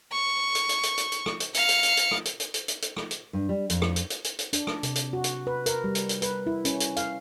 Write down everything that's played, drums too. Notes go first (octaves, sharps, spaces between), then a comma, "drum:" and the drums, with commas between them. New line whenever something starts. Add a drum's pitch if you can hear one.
C#6
drum: hi-hat
drum: hi-hat
drum: hi-hat
drum: hi-hat
drum: hi-hat
drum: rim click
drum: hi-hat
F5 C#7, drum: hi-hat
drum: hi-hat
drum: hi-hat
drum: hi-hat
drum: rim click
drum: hi-hat
drum: hi-hat
drum: hi-hat
drum: hi-hat
drum: hi-hat
drum: rim click
drum: hi-hat
G2
G3
F2, drum: hi-hat
drum: rim click
drum: hi-hat
drum: hi-hat
drum: hi-hat
drum: hi-hat
D4, drum: hi-hat
drum: rim click
C3, drum: hi-hat
drum: hi-hat
F#4
drum: hi-hat
B4
A#4, drum: hi-hat
G3
drum: hi-hat
drum: hi-hat
B4, drum: hi-hat
E4
C#4, drum: hi-hat
drum: hi-hat
F5, drum: hi-hat